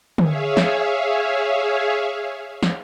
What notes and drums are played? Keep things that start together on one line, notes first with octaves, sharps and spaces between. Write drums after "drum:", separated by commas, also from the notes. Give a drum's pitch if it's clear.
G#4 C#5 E5 F5, drum: tom
drum: snare
drum: snare